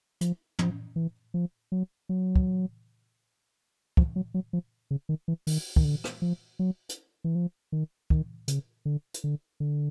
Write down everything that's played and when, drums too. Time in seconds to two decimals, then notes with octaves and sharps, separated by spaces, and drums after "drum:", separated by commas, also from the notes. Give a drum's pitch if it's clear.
0.21 F3, drum: hi-hat
0.59 F3, drum: tom
0.96 E3
1.34 F3
1.72 F#3
2.09 F#3
2.36 drum: kick
3.97 F3, drum: kick
4.16 F#3
4.34 F#3
4.53 F3
4.91 C#3
5.09 D#3
5.28 E3
5.47 D#3, drum: open hi-hat
5.76 D#3, drum: kick
5.84 D3
6.04 drum: rim click
6.22 F3
6.59 F#3
6.89 drum: hi-hat
7.24 E3
7.35 F3
7.72 D#3
8.10 D#3, drum: kick
8.48 C#3, drum: hi-hat
8.85 D3
9.14 drum: hi-hat
9.24 D3
9.60 D3